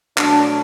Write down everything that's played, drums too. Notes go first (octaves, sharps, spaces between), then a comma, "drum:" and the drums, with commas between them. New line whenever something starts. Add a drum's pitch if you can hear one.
B2 F#3 A3 D4, drum: clap